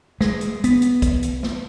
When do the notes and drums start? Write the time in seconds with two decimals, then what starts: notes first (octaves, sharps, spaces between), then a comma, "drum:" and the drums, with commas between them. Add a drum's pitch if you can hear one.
0.21 G#3, drum: snare
0.41 drum: hi-hat
0.64 B3, drum: hi-hat
0.82 drum: hi-hat
1.02 drum: kick, hi-hat
1.23 drum: hi-hat
1.43 drum: snare